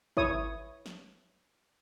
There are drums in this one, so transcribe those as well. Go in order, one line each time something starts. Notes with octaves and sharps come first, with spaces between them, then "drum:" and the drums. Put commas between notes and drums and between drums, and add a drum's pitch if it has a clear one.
E4 C#5 D#6, drum: kick
drum: snare